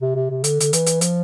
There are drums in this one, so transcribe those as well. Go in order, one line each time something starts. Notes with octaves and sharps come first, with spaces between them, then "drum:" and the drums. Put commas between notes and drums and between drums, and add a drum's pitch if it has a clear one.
C3
C3
C3
D3, drum: hi-hat
D3, drum: hi-hat
E3, drum: hi-hat
drum: hi-hat
F3, drum: hi-hat